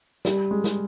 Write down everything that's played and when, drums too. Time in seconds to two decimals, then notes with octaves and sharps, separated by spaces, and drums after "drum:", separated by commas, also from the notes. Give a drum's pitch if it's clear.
0.25 G3, drum: snare
0.51 G#3
0.64 drum: snare